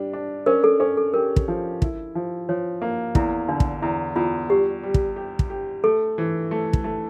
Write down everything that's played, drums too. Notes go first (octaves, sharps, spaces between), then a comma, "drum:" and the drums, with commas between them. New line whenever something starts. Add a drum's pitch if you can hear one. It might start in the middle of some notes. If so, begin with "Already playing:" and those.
Already playing: G3 D4
D4
C#4 A#4
A4
C#4 A4
A4
G4 A#4
drum: kick
F3
E4, drum: kick
F3
F3 C#5
A#3
E2 E4, drum: kick
D3 D4
drum: kick
E2 E4
E2 F4
G3 G4
G3
drum: kick
G4
drum: kick
G4
A3 A4
E3
A3
drum: kick
A3